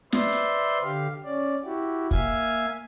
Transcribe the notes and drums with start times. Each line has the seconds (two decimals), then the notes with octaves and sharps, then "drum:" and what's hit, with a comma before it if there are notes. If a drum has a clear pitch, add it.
0.12 B4 C5 D5 E5 C6, drum: snare
0.32 drum: hi-hat
0.83 D3 G4 F5
1.24 C#4 D5
1.64 E4 F#4 G4
2.11 A#3 E5 F5 G#5 G#6, drum: kick